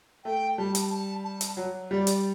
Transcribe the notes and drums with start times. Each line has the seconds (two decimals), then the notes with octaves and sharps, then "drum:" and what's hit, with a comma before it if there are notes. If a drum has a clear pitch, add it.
0.25 A3 G5
0.58 G3 A5
0.75 drum: hi-hat
0.91 A5
1.24 A5
1.41 drum: hi-hat
1.57 F#3
1.90 G3 D5
2.07 drum: hi-hat